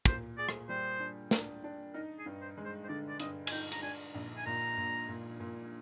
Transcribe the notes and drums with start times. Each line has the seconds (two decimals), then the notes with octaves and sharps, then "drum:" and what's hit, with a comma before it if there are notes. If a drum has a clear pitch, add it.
0.06 A#2 C5, drum: kick
0.38 G#4 D5
0.49 drum: rim click
0.69 G3 C5
1.00 D4
1.31 D4, drum: snare
1.64 D4
1.94 D#4 A#4
2.19 G#4
2.26 G2
2.41 C5
2.57 G#3
2.65 C5
2.84 C5
2.89 D3 D5
3.09 D5
3.20 G2 D#5, drum: hi-hat
3.47 G#5, drum: cymbal
3.52 D#4 G5
3.72 A#5, drum: hi-hat
3.82 D4 G#5
4.14 A#1
4.37 G#5
4.46 A#2 A#5
4.77 A#2
5.08 A#2
5.40 A#2